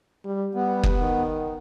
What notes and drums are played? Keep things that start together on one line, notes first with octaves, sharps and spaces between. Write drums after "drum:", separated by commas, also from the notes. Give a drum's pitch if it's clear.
G3
G3 B3
drum: kick F#1
D#3